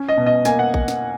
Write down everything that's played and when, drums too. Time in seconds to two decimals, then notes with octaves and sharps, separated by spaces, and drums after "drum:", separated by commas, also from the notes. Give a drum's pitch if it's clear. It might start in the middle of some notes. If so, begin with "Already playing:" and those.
Already playing: C#4
0.08 D#5
0.17 B2
0.26 D#5
0.45 A#3 G#5, drum: snare
0.59 F#5
0.74 drum: kick A#1
0.88 drum: snare